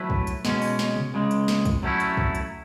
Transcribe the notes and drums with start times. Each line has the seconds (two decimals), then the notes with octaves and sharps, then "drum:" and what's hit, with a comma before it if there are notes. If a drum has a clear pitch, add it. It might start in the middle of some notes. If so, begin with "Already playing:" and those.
Already playing: F#3 A3 E4 B4
0.10 drum: kick
0.27 drum: hi-hat
0.45 B2 G#3 C#4, drum: snare
0.62 drum: open hi-hat
0.79 drum: snare
0.96 drum: tom C3
1.14 C#2 C#3 G#3
1.31 drum: hi-hat
1.48 drum: snare
1.65 drum: kick, hi-hat
1.83 F#3 A3 C#4 E4
2.00 drum: hi-hat
2.17 drum: kick
2.35 drum: hi-hat